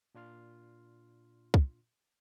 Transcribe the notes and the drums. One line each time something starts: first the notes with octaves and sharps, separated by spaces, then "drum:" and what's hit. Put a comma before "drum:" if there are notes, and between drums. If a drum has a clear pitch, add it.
A#2 D4 F4 C6 F6
drum: kick